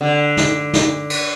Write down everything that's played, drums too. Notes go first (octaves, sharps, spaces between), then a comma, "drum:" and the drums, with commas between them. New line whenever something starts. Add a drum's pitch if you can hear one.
D3
drum: snare
drum: snare
drum: cymbal